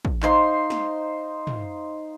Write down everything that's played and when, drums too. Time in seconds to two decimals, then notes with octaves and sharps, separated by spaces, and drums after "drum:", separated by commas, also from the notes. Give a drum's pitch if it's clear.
0.05 drum: kick
0.23 D#4 C5 F5 C6, drum: clap
0.70 drum: snare
1.47 drum: tom